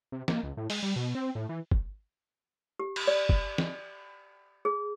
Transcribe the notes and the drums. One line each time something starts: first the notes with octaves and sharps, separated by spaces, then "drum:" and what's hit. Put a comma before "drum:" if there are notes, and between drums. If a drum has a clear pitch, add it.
C3
A#3, drum: snare
C#2
A2
G#3, drum: open hi-hat
G3
B2
C4
A2
E3
drum: kick
G4
drum: cymbal
D5
drum: kick
drum: snare
G#4